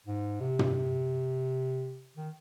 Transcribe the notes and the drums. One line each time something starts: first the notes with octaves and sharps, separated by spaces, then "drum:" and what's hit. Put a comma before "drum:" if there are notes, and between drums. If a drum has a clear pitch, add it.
G#2
C3
drum: tom
D#3